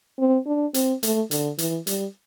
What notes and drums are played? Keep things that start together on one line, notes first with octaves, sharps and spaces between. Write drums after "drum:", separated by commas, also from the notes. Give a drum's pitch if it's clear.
C4
D4
C4, drum: hi-hat
A3, drum: hi-hat
D3, drum: hi-hat
E3, drum: hi-hat
G3, drum: hi-hat